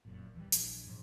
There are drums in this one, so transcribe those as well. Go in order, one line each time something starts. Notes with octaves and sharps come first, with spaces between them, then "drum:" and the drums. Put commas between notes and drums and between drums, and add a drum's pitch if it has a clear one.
F1 F#2 A#2
D1 E3 F3 G3
A#1 E3 G#3, drum: hi-hat
A#1 G#2